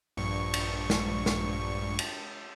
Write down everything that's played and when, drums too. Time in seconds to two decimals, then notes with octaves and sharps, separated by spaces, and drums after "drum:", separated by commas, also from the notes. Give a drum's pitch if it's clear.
0.17 A#1 G2 C#6
0.54 drum: cymbal
0.90 drum: snare
1.26 drum: snare
1.99 drum: cymbal